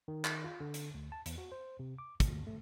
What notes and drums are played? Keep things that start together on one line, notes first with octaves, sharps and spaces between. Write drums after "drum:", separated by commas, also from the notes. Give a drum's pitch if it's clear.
D#3
drum: clap
F4
D3
drum: hi-hat
D2
A5
E2, drum: hi-hat
F#4
C5
C3
D6
D2, drum: kick, hi-hat
A3